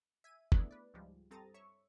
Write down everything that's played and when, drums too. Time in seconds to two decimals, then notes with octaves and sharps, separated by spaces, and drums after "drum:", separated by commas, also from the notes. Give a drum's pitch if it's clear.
0.24 E5 G#5 D#7
0.52 A3 B3 D4 E4 G#4, drum: kick
0.71 B4 D5
0.94 C#2 G#2 F3 G3 G#3
1.31 G2 C4 A4 A#5 D#6 A6
1.54 C#5 E5 C#6